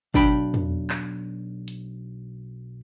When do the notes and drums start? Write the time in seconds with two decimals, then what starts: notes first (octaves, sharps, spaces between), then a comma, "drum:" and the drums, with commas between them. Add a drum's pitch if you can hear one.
0.14 B1 D4 G5 B5, drum: kick
0.54 drum: tom
0.90 drum: clap
1.68 drum: hi-hat